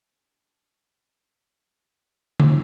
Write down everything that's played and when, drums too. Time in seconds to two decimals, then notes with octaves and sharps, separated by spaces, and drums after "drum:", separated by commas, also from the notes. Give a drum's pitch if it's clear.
0.12 C#4 D4 G4 A4
2.40 drum: tom D3